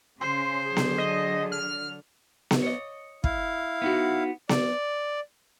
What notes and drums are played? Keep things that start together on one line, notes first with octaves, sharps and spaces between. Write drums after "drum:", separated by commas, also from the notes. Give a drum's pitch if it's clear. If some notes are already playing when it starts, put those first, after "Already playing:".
C#3 C5 C6
D3 F#3 G#4
drum: snare B3
D#5
F6
drum: snare B3
C#5 D#5
E4 F5, drum: kick
B3 D#4 F#4
D5, drum: snare B3